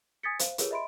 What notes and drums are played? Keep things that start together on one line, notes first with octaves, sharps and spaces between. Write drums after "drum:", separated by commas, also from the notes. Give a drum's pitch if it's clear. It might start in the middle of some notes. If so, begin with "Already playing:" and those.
G#5 D#6 G#6 A6 B6 C#7
C5 F5, drum: hi-hat
F4 G4 G#4 A#4 B4 C#5, drum: hi-hat
D#5 E5 B5 C6 D7